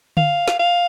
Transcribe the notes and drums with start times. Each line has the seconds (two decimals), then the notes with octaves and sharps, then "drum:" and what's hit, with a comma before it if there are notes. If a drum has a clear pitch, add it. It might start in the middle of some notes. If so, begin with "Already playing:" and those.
0.17 F5, drum: tom D3
0.48 drum: snare
0.59 F5